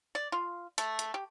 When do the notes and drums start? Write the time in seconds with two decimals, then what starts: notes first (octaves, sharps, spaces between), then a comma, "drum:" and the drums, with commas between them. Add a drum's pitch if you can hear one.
0.15 D5
0.32 F4
0.78 A3, drum: hi-hat
0.99 drum: hi-hat
1.14 G4